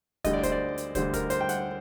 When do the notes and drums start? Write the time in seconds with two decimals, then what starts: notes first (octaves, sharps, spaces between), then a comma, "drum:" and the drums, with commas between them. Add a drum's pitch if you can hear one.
0.24 D2 D3 G3 D#5, drum: kick, hi-hat
0.33 D5
0.43 C5, drum: kick, hi-hat
0.52 D5
0.78 drum: hi-hat
0.95 D2 D3 G3 C5, drum: kick, hi-hat
1.14 A#4, drum: kick, hi-hat
1.30 C5, drum: hi-hat
1.41 G5
1.49 F#5, drum: hi-hat